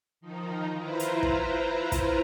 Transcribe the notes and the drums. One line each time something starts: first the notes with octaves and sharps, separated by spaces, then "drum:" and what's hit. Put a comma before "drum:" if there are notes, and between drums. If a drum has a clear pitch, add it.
D#3 F3 D#4
E4 F4 B4 C5 A#5
drum: hi-hat
drum: kick
drum: kick, hi-hat